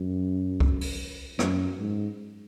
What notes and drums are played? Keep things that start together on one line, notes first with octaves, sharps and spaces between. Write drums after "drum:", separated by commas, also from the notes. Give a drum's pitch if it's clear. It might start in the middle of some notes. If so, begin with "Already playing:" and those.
Already playing: F#2
drum: kick C2
drum: open hi-hat
F#2, drum: rim click
G#2